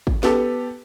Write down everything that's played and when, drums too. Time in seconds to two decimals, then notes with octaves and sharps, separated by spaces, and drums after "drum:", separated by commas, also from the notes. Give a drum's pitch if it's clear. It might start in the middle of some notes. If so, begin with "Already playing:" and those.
0.07 drum: kick
0.23 B3 G4 A4, drum: snare